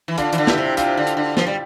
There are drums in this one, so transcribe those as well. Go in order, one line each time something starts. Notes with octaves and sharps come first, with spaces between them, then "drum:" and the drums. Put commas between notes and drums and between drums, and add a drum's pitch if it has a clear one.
E3
D3 D4 F4, drum: hi-hat
E3, drum: hi-hat
D3
E4 G4, drum: snare
D3
C3
C3 D4 F4, drum: hi-hat
D3
drum: hi-hat
D3
F3, drum: snare
G3